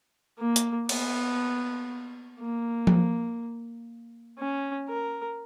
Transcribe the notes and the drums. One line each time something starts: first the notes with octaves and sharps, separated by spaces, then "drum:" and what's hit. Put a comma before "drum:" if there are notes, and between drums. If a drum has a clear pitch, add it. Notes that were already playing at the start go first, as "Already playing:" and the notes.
A#3
drum: hi-hat
B3, drum: cymbal
A#3
drum: tom F3
C#4
A#4